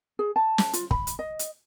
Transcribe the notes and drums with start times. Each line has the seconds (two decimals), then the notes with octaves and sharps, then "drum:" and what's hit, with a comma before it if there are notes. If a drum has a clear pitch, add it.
0.19 G#4
0.36 A5
0.58 drum: snare
0.73 F4, drum: hi-hat
0.91 B5, drum: kick
1.07 drum: hi-hat
1.19 D#5
1.39 drum: hi-hat